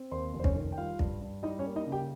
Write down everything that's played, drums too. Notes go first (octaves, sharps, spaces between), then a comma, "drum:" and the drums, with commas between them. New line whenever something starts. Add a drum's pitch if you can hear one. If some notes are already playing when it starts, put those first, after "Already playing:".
Already playing: C4
D#2 C5 C6
F1
C5
C#4 C#5, drum: kick
D#3
G5
G3 F4 F5
G2, drum: kick
G2
G3 D#4 D#5
C#4 C#5
A#3
D#4 D#5
C#3
G4 G5